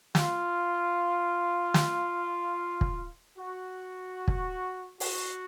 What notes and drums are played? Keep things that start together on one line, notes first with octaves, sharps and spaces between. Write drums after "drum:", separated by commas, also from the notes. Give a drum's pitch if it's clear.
F4, drum: snare
drum: snare
drum: kick
F#4
drum: kick
F#4, drum: open hi-hat